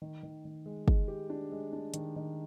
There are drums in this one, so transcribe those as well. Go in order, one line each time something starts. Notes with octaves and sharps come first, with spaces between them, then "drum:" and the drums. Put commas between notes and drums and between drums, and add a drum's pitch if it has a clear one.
D#3
D#3
D#3
G#3
G#3, drum: kick
G4
D4
G#3
D4
D#3, drum: hi-hat
D#3